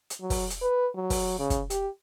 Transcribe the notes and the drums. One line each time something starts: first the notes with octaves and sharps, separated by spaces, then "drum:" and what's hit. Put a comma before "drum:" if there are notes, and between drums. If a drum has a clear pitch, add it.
drum: hi-hat
F#3
drum: kick, open hi-hat
drum: hi-hat
B4
F#3
drum: kick, open hi-hat
C#3
drum: kick, hi-hat
G4, drum: hi-hat